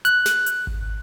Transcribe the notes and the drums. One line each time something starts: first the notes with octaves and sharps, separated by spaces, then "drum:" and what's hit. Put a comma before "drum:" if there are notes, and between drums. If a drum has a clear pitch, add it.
F#6, drum: hi-hat
drum: snare
drum: hi-hat
drum: kick G#1